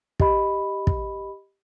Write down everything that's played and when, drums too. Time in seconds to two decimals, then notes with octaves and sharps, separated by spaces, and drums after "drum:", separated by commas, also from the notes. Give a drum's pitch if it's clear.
0.20 G4 D#5 B5, drum: kick
0.87 drum: kick